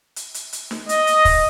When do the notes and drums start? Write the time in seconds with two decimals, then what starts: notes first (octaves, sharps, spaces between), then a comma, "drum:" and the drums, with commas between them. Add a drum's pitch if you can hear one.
0.16 drum: hi-hat
0.34 drum: hi-hat
0.53 drum: hi-hat
0.71 drum: snare
0.89 D#5, drum: hi-hat
1.07 drum: hi-hat
1.25 drum: kick, open hi-hat